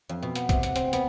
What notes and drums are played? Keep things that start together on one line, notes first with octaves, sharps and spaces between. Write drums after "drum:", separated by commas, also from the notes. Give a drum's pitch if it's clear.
F2
B2
B3, drum: hi-hat
C3, drum: kick, hi-hat
F#5, drum: hi-hat
C4, drum: hi-hat
B3, drum: hi-hat